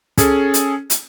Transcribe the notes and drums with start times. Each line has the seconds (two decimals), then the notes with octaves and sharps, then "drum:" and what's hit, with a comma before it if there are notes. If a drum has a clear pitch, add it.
0.18 C#4 G#4 A4, drum: kick, hi-hat
0.54 drum: hi-hat
0.90 drum: hi-hat